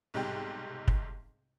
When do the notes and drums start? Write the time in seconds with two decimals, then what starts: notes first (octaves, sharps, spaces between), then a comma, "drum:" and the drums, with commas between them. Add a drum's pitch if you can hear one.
0.14 B1 G#2 C3 G3 G5
0.88 drum: kick